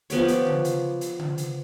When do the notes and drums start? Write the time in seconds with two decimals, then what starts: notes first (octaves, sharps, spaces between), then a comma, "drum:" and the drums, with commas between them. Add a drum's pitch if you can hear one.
0.10 F3 B3 G4 C#5, drum: hi-hat
0.28 drum: hi-hat
0.46 drum: tom C#3
0.65 drum: hi-hat
1.01 drum: hi-hat
1.19 drum: tom C#3
1.38 drum: hi-hat